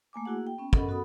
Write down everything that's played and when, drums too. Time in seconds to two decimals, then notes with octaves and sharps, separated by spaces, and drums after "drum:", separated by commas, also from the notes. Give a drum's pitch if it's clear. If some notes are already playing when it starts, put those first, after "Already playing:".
0.13 A3 A#3 G#5 D6
0.25 A#3 E4 F#4 G#4 F#5
0.47 G5
0.58 B3 C#4
0.73 C#4 A4 A#4 D#5 F#5 B5, drum: kick
0.88 B3 F#4 A4 F#5 B5 D#6